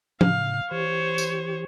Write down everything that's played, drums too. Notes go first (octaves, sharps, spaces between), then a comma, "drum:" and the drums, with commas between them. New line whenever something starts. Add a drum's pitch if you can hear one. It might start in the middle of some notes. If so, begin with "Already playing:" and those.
A2 C#3 F5, drum: tom
E3 G4 C5 C#5
drum: tambourine